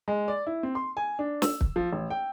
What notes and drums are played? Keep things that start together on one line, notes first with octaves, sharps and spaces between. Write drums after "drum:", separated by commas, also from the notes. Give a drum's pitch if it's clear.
G#3
D5
E4
C4
C6
G#5
D4
E6, drum: snare
drum: kick
F3
A1
G5